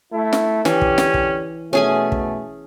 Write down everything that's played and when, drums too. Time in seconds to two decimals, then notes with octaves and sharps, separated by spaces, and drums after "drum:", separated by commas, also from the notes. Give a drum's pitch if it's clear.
0.12 A3 E4
0.33 drum: snare
0.65 D3 E3 C#4 G4, drum: snare
0.81 drum: kick
0.98 drum: snare
1.14 drum: kick
1.73 B2 A3 C#4 G#4 G#5
2.12 drum: kick